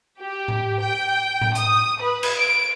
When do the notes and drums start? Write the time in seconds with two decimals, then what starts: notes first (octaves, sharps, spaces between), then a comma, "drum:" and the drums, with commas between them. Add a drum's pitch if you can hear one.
0.20 G4
0.48 drum: tom A2
0.81 G5
1.41 drum: tom A2
1.55 D#6, drum: hi-hat
2.00 B4
2.23 drum: cymbal
2.38 D7